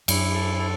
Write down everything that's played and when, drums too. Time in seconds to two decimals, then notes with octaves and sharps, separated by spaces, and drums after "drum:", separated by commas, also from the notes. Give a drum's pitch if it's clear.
0.08 F#2 E4, drum: cymbal
0.34 A4
0.59 A4